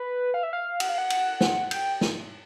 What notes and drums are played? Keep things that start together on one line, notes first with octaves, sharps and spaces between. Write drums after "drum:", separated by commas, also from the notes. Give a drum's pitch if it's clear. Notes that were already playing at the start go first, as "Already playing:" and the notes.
Already playing: B4
F5
E5
F5
F#5, drum: cymbal
F5
F#5
drum: cymbal
drum: snare
G5, drum: cymbal
drum: snare